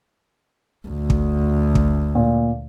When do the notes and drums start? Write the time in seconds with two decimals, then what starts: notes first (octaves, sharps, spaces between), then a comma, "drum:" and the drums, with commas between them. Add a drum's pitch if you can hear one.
0.88 D2
1.10 drum: kick
1.75 drum: kick
2.15 A#2